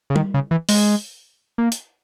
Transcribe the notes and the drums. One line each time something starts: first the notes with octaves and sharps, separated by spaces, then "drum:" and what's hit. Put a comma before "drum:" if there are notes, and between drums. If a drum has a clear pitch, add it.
C#3
D#3, drum: tom G3
C#3
E3
G#3, drum: open hi-hat
A#3
drum: hi-hat